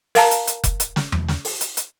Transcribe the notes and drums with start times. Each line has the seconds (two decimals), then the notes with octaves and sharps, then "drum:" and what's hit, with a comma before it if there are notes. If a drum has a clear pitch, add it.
0.15 A#4 F5 A5 A#5, drum: open hi-hat
0.31 drum: hi-hat
0.47 drum: hi-hat
0.64 drum: kick F1, hi-hat
0.80 drum: hi-hat
0.96 drum: snare
1.12 drum: tom E2
1.28 drum: snare
1.45 drum: open hi-hat
1.61 drum: hi-hat
1.77 drum: hi-hat